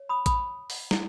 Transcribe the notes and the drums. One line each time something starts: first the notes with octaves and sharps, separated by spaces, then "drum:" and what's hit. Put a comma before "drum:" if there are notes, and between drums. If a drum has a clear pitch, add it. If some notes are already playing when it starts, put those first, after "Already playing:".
Already playing: C#5
B5 D#6
B5 D#6, drum: kick A1, hi-hat
drum: open hi-hat
E4, drum: snare